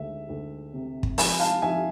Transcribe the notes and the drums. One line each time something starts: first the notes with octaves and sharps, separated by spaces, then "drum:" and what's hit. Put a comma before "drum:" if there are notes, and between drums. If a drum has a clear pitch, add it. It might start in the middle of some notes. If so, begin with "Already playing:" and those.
Already playing: D2 G#3 E5
D2
C3
drum: kick
F3 G#5 B5, drum: open hi-hat
F5 A5
F3 E5 G#5